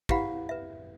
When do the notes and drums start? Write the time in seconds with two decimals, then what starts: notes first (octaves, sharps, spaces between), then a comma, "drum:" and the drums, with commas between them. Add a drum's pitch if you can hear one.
0.09 E4 G4 B4 F5 F#5 B5, drum: kick
0.49 B4 E5